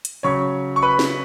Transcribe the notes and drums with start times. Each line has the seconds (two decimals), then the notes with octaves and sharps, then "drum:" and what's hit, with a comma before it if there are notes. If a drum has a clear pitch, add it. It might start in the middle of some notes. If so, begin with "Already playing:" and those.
0.05 drum: hi-hat
0.23 C#3 F#3 C#4 C#5 C#6
0.76 C#6
0.82 B4 B5
0.99 drum: snare